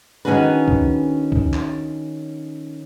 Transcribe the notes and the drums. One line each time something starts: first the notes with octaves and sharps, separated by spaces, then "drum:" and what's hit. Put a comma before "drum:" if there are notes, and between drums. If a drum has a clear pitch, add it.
D#3 C#4 D4 F#4 G#4 B4
drum: kick C2
drum: kick C2
drum: clap